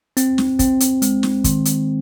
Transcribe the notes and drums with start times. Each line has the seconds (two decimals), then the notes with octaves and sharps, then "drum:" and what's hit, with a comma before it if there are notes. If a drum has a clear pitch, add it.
0.17 C4, drum: hi-hat
0.38 drum: snare
0.59 C4, drum: kick, hi-hat
0.80 drum: hi-hat
1.02 G#3, drum: hi-hat
1.23 drum: snare
1.44 D#3, drum: kick, hi-hat
1.65 drum: hi-hat